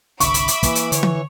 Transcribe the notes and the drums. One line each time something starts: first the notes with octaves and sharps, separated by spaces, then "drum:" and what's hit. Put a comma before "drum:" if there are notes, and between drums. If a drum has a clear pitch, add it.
G1 C2 D3 E5 B5 C#6 D6, drum: hi-hat
drum: hi-hat
drum: hi-hat
E3 A#3, drum: kick, hi-hat
drum: hi-hat
D3 C#5, drum: hi-hat
drum: tom E3